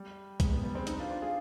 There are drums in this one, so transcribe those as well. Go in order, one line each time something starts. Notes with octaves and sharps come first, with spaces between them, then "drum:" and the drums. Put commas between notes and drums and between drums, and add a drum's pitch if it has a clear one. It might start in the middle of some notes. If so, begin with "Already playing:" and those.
Already playing: G3
G#3, drum: kick B1, hi-hat
G3 B3
G3 B3
G#3 C4
C4 D#4, drum: hi-hat
D4 F4
D4 F4
F4 G#4